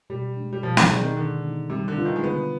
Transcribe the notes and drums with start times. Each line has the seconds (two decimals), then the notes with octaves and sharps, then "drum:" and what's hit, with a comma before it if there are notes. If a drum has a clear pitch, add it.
0.10 B2 G3
0.37 G#3 D4
0.53 G3
0.63 B2 F3
0.77 D3, drum: snare
0.81 D#3
0.91 B3 D#4 G#4 D5
0.99 D#3
1.17 D3 D#3
1.43 B3 D#4
1.70 C3 G3
1.88 D3
1.96 D4 F4 B4
2.05 D#3
2.16 G#3
2.24 D3 B3